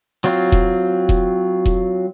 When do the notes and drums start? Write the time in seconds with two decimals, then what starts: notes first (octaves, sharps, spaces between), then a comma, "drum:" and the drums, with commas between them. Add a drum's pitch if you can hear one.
0.24 F#3 C4 F4
0.52 drum: kick E1
1.09 drum: kick E1
1.65 drum: kick E1